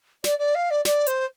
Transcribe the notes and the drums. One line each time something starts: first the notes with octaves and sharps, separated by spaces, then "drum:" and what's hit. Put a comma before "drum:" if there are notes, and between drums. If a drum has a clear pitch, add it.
D5, drum: snare
D5
F5
D5
D5, drum: snare
C5, drum: hi-hat